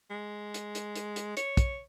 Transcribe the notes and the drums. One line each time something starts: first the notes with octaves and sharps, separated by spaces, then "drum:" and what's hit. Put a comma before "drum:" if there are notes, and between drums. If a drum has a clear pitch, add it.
G#3
drum: hi-hat
drum: hi-hat
drum: hi-hat
drum: hi-hat
C#5, drum: hi-hat
drum: kick, hi-hat